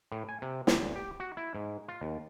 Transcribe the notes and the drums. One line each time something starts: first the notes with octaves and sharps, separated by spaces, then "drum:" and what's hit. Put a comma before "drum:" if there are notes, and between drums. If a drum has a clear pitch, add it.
A2
G#5
C3
C3, drum: snare
D2
G4
F#4
E4
G#2
F4
D#2